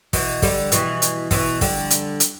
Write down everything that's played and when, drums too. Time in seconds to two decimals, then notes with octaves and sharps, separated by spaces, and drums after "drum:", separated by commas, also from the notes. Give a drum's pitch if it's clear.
0.13 B2 E3, drum: kick, open hi-hat
0.42 D3 G3, drum: kick, open hi-hat
0.72 B2 E3, drum: hi-hat
1.02 drum: hi-hat
1.31 B2 E3, drum: kick, open hi-hat
1.61 D3 G3, drum: kick, open hi-hat
1.90 drum: hi-hat
2.20 drum: hi-hat